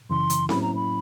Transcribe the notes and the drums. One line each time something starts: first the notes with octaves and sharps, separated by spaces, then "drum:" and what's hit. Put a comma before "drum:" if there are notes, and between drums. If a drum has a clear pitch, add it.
F#2 C#3 E3 C6
drum: hi-hat
A2 F#3 A#3 C#4 E4 B5, drum: snare C4
A#5
B5